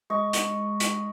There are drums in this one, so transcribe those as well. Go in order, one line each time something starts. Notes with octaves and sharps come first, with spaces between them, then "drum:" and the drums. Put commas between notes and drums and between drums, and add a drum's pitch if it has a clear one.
G#3 D#5 C#6
drum: hi-hat
drum: hi-hat